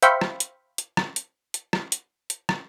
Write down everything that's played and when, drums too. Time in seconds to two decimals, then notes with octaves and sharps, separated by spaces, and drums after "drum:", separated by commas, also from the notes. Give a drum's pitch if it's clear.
0.02 C5 E5 F5 G5 B5 C#6, drum: hi-hat
0.21 drum: rim click
0.40 drum: hi-hat
0.78 drum: hi-hat
0.97 drum: rim click
1.16 drum: hi-hat
1.54 drum: hi-hat
1.73 drum: rim click
1.92 drum: hi-hat
2.30 drum: hi-hat
2.49 drum: rim click